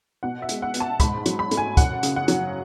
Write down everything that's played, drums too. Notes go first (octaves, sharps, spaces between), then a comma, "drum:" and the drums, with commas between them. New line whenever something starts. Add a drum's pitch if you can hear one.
B2 F#5
E5
G#3, drum: hi-hat
F#5
B3, drum: hi-hat
A5
G#2 B5, drum: kick, hi-hat
F#3, drum: hi-hat
B5
A3, drum: hi-hat
G#5
F#2 F#5, drum: kick, hi-hat
C#3, drum: hi-hat
F#5
F#3, drum: hi-hat